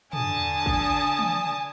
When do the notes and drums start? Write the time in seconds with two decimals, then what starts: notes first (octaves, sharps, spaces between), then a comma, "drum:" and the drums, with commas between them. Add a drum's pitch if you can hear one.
0.13 D3 D4 G#5 A5 D#6, drum: tom
0.66 drum: kick
1.19 drum: tom